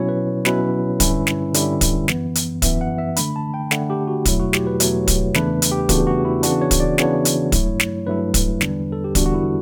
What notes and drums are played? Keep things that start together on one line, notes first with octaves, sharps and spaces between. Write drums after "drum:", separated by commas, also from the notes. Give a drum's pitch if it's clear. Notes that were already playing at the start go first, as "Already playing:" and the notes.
Already playing: B2 F#3 C#4 E4 C#5
B4
B2 F#3 C#4 E4 B4, drum: snare
G2 D3 G3 C#4 E4, drum: kick, hi-hat
drum: snare
G2 D3 G3 C#4 E4, drum: hi-hat
drum: kick, hi-hat
F#2 E3 B3, drum: snare
drum: hi-hat
F#2 E3 B3 E5, drum: kick, hi-hat
F#5
E5
D3 A3 D4 B5, drum: hi-hat
A5
G5
D3 A3 D4 F#5, drum: snare
G4
F#4
E2 B2 F#3 A3 E4, drum: kick, hi-hat
F#4
G4, drum: snare
B4
E2 B2 F#3 A3 C#5, drum: hi-hat
drum: kick, hi-hat
E2 C#3 E3 A3 D4 B4, drum: snare
drum: hi-hat
G4
E2 C#3 E3 A3 D4 F#4, drum: kick, hi-hat
F#4
E4
C#3 E3 B3 D4 F#4, drum: hi-hat
C#5
drum: kick, hi-hat
D5
C#3 E3 B3 D4 C#5, drum: snare
drum: hi-hat
G2 F#3 A3 E4, drum: kick, hi-hat
drum: snare
G2 F#3 A3 E4 B4
drum: kick, hi-hat
E2 D3 G3 D4, drum: snare
A4
G4
E2 D3 G3 D4 F#4, drum: kick, hi-hat
F#4
E4